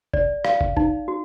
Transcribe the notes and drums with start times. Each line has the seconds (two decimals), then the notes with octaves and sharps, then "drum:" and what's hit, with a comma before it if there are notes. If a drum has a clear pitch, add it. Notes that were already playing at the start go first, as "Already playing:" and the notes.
0.14 D5, drum: kick
0.45 F5, drum: rim click
0.61 drum: kick
0.77 D#4, drum: kick
1.08 F#4